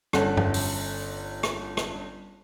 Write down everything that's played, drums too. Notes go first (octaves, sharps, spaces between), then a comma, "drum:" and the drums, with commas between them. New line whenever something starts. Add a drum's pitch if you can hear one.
G1 C#4 A4 F#5 A5, drum: rim click
drum: tom G2
drum: open hi-hat
drum: rim click
drum: rim click